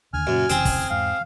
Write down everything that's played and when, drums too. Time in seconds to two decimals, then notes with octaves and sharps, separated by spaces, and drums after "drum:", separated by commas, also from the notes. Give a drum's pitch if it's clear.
0.13 D#2 D3 G#5 F6
0.27 F#2 A#2 C#3
0.49 F1 C#3 E3 C4 G#4, drum: hi-hat
0.65 drum: kick, open hi-hat
0.90 E2 G#2 F5